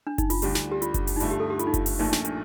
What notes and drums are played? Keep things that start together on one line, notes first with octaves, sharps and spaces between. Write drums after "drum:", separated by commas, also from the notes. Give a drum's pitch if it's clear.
D4
D#4, drum: kick F#1, hi-hat
F4, drum: open hi-hat
D2 D3 G3 D4 G4, drum: hi-hat
drum: snare
G4
F4, drum: hi-hat
drum: kick F#1, hi-hat
drum: open hi-hat
D#4
G2 D3 A3 F4, drum: hi-hat
G4
A4
G4
F4, drum: hi-hat
D#4
F4, drum: kick F#1, hi-hat
drum: open hi-hat
A#1 A#2 A3 D#4
D4, drum: snare
D4, drum: hi-hat